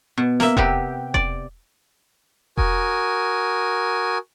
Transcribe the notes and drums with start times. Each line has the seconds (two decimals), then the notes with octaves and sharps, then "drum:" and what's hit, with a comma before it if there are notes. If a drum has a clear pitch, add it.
0.18 B2 B3
0.40 A#3 E5, drum: snare
0.57 C3 B3 G4 G5, drum: kick E1
1.14 D5, drum: kick E1
2.57 F#4 A#4 G#5 D#6, drum: kick E1